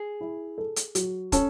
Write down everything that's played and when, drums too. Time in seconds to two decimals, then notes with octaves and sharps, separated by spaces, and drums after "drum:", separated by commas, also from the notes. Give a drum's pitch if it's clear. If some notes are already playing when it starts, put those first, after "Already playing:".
Already playing: G#4
0.21 E4
0.58 A4
0.76 drum: hi-hat
0.95 F#3, drum: hi-hat
1.32 C#4 A4, drum: kick, hi-hat